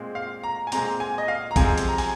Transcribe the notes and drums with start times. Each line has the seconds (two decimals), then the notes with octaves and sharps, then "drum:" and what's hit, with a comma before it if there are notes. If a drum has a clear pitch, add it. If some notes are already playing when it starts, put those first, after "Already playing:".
Already playing: A#2 G#3 C4
0.15 F5
0.43 A#5
0.67 G#5
0.72 A#2 G#3 C4 A#5, drum: hi-hat
1.00 G#5
1.18 D#5
1.28 F5
1.51 A#5
1.56 C3 F3 G#3 C4 G#5, drum: kick A#1, hi-hat
1.78 drum: hi-hat
1.88 A#5
1.98 G#5, drum: open hi-hat